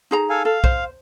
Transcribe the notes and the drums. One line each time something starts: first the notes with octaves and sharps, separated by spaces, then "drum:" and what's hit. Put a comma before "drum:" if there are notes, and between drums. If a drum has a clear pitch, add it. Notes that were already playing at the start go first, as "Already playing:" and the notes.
D#4 G#4 A#5
A4 F5 G#5
A4 F5
C5, drum: kick B1